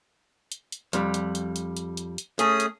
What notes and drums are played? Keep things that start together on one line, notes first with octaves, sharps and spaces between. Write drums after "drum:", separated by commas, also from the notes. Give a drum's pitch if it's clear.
drum: hi-hat
drum: hi-hat
F2 G3, drum: hi-hat
drum: hi-hat
drum: hi-hat
drum: hi-hat
drum: hi-hat
drum: hi-hat
drum: hi-hat
A3 C#4 G#4 D#6, drum: hi-hat
drum: hi-hat